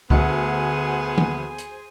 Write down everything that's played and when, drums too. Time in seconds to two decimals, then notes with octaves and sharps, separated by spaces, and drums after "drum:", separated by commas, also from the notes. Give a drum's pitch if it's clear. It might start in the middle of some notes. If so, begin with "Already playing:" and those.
0.10 D2 B3 G#4 C5 G#5, drum: kick
1.18 drum: tom D#3
1.58 drum: hi-hat